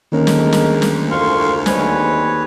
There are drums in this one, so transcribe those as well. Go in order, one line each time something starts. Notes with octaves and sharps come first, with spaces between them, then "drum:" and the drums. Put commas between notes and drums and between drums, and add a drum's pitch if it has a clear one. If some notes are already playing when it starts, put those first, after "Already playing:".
D2 D#3 G#3 A#3 C#4 A#4
drum: snare
drum: snare
drum: snare
C2 F2 F5 C6 C#6
D#2 D3 G#3 C4 B4 C#5 G#5, drum: snare